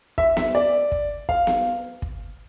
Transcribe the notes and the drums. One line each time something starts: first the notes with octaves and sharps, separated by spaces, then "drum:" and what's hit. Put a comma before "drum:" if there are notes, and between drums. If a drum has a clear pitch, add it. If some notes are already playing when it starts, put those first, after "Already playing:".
E5, drum: kick
E5, drum: snare B3
D5
drum: kick
F5, drum: kick
drum: snare B3
drum: kick